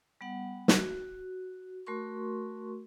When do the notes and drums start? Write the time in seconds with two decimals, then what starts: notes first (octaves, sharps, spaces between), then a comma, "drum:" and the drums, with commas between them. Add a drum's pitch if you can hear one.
0.21 G3 B3 F#5
0.68 F#4, drum: snare
1.87 A3 F#4 A#4 C6 C#6